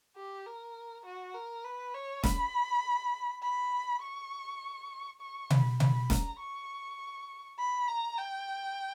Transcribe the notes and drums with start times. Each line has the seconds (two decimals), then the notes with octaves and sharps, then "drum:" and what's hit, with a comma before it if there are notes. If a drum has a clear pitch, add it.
0.16 G4
0.46 A#4
1.05 F#4
1.34 A#4
1.64 B4
1.94 C#5
2.24 B5, drum: snare
3.42 B5
4.02 C#6
5.20 C#6
5.50 B5, drum: tom B2
5.80 B5, drum: tom B2
6.10 A#5, drum: snare
6.40 C#6
7.59 B5
7.88 A#5
8.18 G5